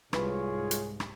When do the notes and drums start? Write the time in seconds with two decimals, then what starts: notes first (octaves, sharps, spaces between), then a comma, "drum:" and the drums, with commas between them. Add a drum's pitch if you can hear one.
0.13 C2 G#2 F4 G#4 B4 C#5 B5, drum: rim click
0.71 drum: hi-hat
1.00 drum: rim click